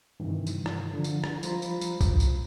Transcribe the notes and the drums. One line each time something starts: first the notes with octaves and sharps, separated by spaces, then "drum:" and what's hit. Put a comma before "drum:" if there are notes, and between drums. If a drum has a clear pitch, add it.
G2 C3 D#3 E3
drum: tambourine
drum: rim click
D3 F3
drum: tambourine
drum: rim click
F3 G3 F4 C5 A#5 B5, drum: tambourine
drum: tambourine
drum: tambourine
drum: kick B1, tambourine
drum: tambourine